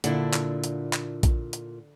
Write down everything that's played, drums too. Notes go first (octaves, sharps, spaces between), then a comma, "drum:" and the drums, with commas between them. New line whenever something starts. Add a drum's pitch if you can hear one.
A#2 D3 D4 E4, drum: hi-hat
drum: clap
drum: hi-hat
drum: clap
drum: kick A#1, hi-hat
drum: hi-hat